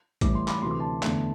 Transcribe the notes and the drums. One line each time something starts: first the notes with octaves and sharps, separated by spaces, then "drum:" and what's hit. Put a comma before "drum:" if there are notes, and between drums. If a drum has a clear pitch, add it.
A2 E3 G3 D6, drum: kick, hi-hat
C6
B5 D6, drum: clap
D2 C3 E3 A3 C6
D6
A5 C6
E2 D3 A3, drum: clap